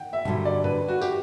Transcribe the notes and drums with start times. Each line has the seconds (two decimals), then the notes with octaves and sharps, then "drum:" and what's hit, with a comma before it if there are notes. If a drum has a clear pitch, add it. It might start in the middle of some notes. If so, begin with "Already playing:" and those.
Already playing: F#5 G5
0.13 E5
0.25 G2 D3 F#3, drum: tom A#2
0.45 D5
0.64 B4, drum: tom
0.89 F#4
1.01 G4, drum: tambourine